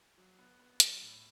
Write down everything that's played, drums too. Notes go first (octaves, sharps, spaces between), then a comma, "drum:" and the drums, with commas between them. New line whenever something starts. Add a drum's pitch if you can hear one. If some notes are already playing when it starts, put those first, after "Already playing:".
F#3
B3
B3
F#3, drum: hi-hat
A2